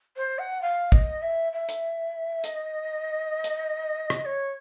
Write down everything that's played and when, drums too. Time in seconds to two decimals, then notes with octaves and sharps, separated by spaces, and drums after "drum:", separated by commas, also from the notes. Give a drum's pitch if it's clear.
0.17 C5
0.39 F#5
0.62 F5
0.92 D#5, drum: kick
1.22 E5
1.53 E5
1.69 drum: hi-hat
2.44 D#5, drum: hi-hat
3.44 drum: hi-hat
4.10 drum: rim click
4.25 C#5